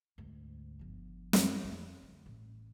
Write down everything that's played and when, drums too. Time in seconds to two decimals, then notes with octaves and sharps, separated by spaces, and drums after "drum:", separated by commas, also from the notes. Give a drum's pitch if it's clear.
0.18 D2 G#2
0.79 G1 F3
1.33 F#2, drum: snare
1.64 F2
2.03 D2
2.26 A1